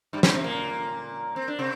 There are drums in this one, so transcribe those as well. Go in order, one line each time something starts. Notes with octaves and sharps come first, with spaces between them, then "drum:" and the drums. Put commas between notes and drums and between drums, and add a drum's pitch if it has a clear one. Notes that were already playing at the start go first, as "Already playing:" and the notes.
G2 G3
G2 G3, drum: snare
C3 C4
A#2 A#3
C4
D4
C3 C4